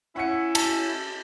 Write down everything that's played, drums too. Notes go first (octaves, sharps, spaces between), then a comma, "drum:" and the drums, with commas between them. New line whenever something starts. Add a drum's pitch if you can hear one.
C#4 E4 F#5 C#7
A5, drum: cymbal